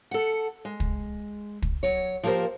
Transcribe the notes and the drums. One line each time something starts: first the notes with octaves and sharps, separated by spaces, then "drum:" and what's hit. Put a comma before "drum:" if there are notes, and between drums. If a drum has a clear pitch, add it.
A4 F#5
G#3
drum: kick
drum: kick
F#3 C#5
F3 A#3 G4 G#4 A#4 C5